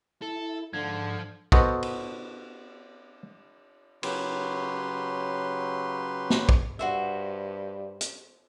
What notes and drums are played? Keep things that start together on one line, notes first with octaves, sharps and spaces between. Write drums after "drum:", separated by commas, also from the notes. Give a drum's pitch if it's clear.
E4 A4
G#2 D3 F3 G#6
B3 F#4 A4 C5 D#5 F#5, drum: kick
drum: cymbal
C#3 F#3 G4 B4 C6, drum: cymbal
drum: snare
drum: kick
G2 F#4 C5 E5
drum: hi-hat